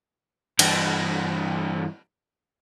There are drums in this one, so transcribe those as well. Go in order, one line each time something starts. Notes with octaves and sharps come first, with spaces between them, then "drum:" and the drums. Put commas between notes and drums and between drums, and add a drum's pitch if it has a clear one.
G2 E3, drum: cymbal